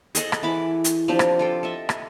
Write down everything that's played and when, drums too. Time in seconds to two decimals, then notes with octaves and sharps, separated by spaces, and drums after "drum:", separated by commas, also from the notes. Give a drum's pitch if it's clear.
0.15 G#4 A4 D#5 F#5, drum: hi-hat
0.32 drum: rim click
0.43 E3 E4 B5 D6
0.84 drum: hi-hat
1.08 F3 C4 D4 G4
1.19 drum: rim click
1.39 F4 A4 G5
1.63 A4 D#5 E5
1.89 drum: rim click